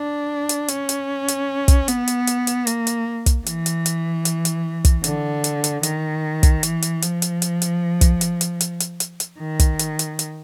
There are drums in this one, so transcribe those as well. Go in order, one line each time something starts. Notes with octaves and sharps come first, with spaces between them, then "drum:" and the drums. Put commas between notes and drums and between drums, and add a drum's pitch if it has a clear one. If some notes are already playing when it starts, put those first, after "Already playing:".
Already playing: D4
drum: hi-hat
C#4, drum: hi-hat
drum: hi-hat
drum: hi-hat
drum: kick, hi-hat
B3, drum: hi-hat
drum: hi-hat
drum: hi-hat
drum: hi-hat
A#3, drum: hi-hat
drum: hi-hat
drum: kick, hi-hat
E3, drum: hi-hat
drum: hi-hat
drum: hi-hat
drum: hi-hat
drum: hi-hat
drum: kick, hi-hat
D3, drum: hi-hat
drum: hi-hat
drum: hi-hat
D#3, drum: hi-hat
drum: kick, hi-hat
E3, drum: hi-hat
drum: hi-hat
F3, drum: hi-hat
drum: hi-hat
drum: hi-hat
drum: hi-hat
drum: kick, hi-hat
drum: hi-hat
drum: hi-hat
drum: hi-hat
drum: hi-hat
drum: hi-hat
drum: hi-hat
D#3
drum: kick, hi-hat
drum: hi-hat
drum: hi-hat
drum: hi-hat